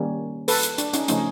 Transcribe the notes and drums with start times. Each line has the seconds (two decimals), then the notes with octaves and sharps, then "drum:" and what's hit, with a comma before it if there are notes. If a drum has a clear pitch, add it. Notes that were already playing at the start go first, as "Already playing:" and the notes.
Already playing: D#3 G3 A#3 C#4
0.48 A4 B4, drum: open hi-hat
0.63 drum: hi-hat
0.78 D4, drum: hi-hat
0.93 C#4 D#4, drum: hi-hat
1.08 C#3 F3 A3 C#4 D#4, drum: hi-hat